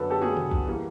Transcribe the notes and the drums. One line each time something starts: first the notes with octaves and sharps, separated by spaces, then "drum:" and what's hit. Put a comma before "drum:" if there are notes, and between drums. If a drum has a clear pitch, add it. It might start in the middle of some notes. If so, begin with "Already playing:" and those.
Already playing: F#2 D3 F#3 A4 B4
G4 A4
F#4 G#4, drum: tom
drum: tom B2
drum: kick
E3 G3 A#3